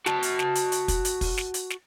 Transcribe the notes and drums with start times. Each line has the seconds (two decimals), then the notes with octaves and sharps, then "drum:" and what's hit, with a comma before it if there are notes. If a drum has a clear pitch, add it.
0.06 F#4 A5, drum: snare
0.23 drum: hi-hat
0.39 drum: snare
0.55 drum: hi-hat
0.72 drum: hi-hat
0.88 drum: kick, hi-hat
1.05 drum: hi-hat
1.21 drum: kick, open hi-hat
1.38 drum: snare
1.54 drum: hi-hat
1.70 drum: snare